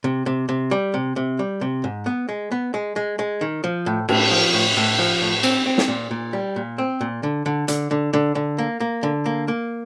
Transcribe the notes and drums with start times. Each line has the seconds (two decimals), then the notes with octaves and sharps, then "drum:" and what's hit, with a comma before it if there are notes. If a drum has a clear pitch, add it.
0.04 C3
0.26 C3
0.49 C3
0.71 G3
0.94 C3
1.16 C3
1.39 G3
1.61 C3
1.84 G#2
2.06 B3
2.29 G#3
2.52 B3
2.74 G#3
2.96 G#3
3.19 G#3
3.41 D#3
3.64 F3
3.86 A2
4.09 A2, drum: cymbal
4.31 F3
4.53 A2
4.76 A2
4.99 F3
5.21 A2
5.43 C4, drum: cymbal
5.66 C4
5.78 drum: snare
5.88 A#2
6.11 A#2
6.33 G3
6.56 A#2
6.78 C4
7.01 A#2
7.23 D3
7.46 D3
7.68 D3, drum: hi-hat
7.91 D3
8.13 D3
8.35 D3
8.58 A#3
8.80 A#3
9.03 D3
9.26 A#3
9.48 A#3